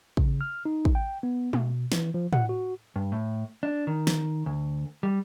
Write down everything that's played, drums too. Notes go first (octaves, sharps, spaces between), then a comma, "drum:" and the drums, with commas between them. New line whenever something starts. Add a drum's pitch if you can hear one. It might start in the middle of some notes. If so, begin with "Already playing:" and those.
C#3, drum: kick
F6
D#4
drum: kick
G5
B3
B2, drum: tom G#3
E3, drum: snare
F3
F#5, drum: tom A2
F#4
G2
A2
D4
D#3
drum: snare
D2
G3